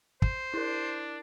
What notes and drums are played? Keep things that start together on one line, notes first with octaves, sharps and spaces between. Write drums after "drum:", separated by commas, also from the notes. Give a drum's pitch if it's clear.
C5, drum: kick
D4 E4 A#4